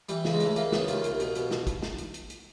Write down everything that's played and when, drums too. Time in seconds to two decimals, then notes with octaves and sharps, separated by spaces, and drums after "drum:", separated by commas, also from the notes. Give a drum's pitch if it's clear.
0.09 E3 G3, drum: hi-hat
0.25 C#3, drum: snare
0.33 G#3
0.40 C#2 A3, drum: hi-hat
0.56 E3 A#3, drum: hi-hat
0.72 C#3 B3, drum: snare
0.88 D#2 F4, drum: hi-hat
1.04 C2, drum: hi-hat
1.20 B2, drum: hi-hat
1.35 B2, drum: hi-hat
1.51 drum: snare
1.67 drum: kick, hi-hat
1.82 drum: snare
1.98 drum: hi-hat
2.14 drum: hi-hat
2.30 drum: hi-hat